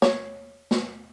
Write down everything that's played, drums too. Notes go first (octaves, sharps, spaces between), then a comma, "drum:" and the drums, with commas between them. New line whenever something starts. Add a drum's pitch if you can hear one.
C#5, drum: snare
drum: snare